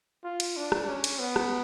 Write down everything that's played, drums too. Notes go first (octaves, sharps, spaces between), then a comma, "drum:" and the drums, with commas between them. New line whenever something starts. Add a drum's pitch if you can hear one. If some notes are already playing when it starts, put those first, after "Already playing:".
F4
drum: cymbal
D4
drum: rim click
C#4
drum: cymbal
B3
drum: rim click